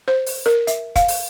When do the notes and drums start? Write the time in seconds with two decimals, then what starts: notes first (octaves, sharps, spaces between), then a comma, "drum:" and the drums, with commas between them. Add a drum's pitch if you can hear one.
0.08 C5
0.26 drum: open hi-hat
0.46 A#4
0.67 E5, drum: hi-hat
0.96 F5, drum: kick, hi-hat
1.08 drum: open hi-hat